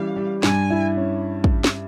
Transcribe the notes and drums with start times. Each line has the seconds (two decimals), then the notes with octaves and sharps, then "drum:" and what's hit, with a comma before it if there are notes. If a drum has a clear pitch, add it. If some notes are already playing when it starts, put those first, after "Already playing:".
Already playing: E3 G3 C#4 F5
0.16 G3
0.43 G2 G#5, drum: snare
0.70 E4
0.97 C#4
1.44 drum: kick
1.64 drum: snare